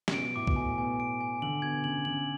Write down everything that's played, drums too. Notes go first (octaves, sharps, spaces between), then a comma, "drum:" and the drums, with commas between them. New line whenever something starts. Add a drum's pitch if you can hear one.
C#3, drum: snare
B2 D7
A2 D6
B2, drum: kick C2
A2 G#5
B2 G#5
D7
G#5
D3 F#7
B2 G#6
C#3 F#7
C#3 F#7